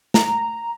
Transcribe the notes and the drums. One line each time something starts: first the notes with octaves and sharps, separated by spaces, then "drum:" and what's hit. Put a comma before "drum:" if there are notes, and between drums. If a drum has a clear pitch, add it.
A#5, drum: snare